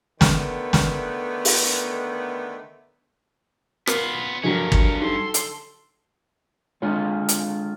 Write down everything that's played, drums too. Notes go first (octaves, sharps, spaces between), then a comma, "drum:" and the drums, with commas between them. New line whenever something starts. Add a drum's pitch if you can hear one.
D3 D#3 A3 B3, drum: snare
drum: snare
drum: open hi-hat
B3 F4 A#4, drum: rim click
G2 D3 F3 F#3 C#4 A#4 G#5
drum: kick
D#4 G4 A4 C6
drum: hi-hat
G#3 D4 F4 C#5
drum: hi-hat